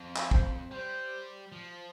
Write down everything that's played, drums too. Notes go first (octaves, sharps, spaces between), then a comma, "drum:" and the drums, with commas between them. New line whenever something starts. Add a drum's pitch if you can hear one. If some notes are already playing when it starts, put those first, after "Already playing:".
Already playing: F2
drum: clap
C5, drum: kick
G3 C5
F3